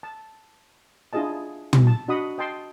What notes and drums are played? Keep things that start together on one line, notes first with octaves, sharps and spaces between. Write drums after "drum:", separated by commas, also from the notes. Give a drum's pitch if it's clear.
A5
D4 E4 F4 G#4 D#5 A5
drum: tom
A5
D4 F#4 D#5 F#5 B5 D#6
D#5 G5 A5 C6